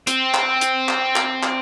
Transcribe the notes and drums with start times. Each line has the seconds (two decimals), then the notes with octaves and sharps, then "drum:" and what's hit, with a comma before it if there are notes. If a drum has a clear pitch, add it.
0.07 C4, drum: hi-hat
0.34 drum: clap
0.61 drum: hi-hat
0.89 drum: clap
1.16 drum: clap
1.43 drum: clap